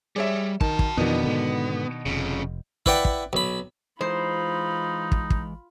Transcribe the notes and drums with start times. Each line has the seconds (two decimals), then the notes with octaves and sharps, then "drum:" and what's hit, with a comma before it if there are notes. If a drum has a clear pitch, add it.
0.16 G3 G#4 C#5 E5
0.61 D#3 F#4 A5, drum: kick
0.79 drum: kick
0.97 F2 B2 D#3 E3 B3 D4
1.24 G#2 D3
2.06 F1 F2 C#3
2.86 E4 B4 D5 F#5 G5, drum: kick
3.05 drum: kick
3.33 B1 B5
4.01 E3 G#3 D#4 F4 C5 B5
5.12 drum: kick
5.30 drum: kick